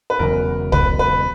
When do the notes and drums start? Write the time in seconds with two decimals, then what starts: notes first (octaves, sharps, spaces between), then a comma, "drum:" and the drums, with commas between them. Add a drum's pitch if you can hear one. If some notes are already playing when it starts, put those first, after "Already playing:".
0.10 B4
0.19 E1 E2 C#3 F#3 A#4
0.72 B4, drum: kick
0.99 B4